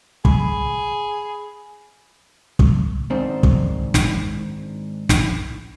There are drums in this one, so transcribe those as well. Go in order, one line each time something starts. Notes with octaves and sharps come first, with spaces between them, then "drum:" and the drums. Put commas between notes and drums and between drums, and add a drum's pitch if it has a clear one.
G#4 B5, drum: kick
drum: kick
G#2 D#3 C4 D4
drum: kick
drum: snare
drum: snare